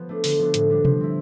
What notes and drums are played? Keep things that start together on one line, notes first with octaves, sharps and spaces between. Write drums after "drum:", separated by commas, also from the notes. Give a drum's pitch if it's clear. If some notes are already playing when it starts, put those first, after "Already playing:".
Already playing: F3 B3
A3 D4
D3, drum: open hi-hat
F3 B3 D4
A2, drum: hi-hat
G3 B3 D4
F3, drum: tom C3
C4 E4